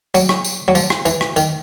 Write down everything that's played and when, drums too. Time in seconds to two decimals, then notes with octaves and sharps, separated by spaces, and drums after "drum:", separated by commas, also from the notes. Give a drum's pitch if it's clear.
0.15 F#3, drum: tambourine
0.29 drum: rim click
0.44 drum: tambourine
0.68 F#3
0.75 F3, drum: tambourine
0.90 drum: rim click
1.06 E3, drum: tambourine
1.21 drum: rim click
1.36 D#3, drum: tambourine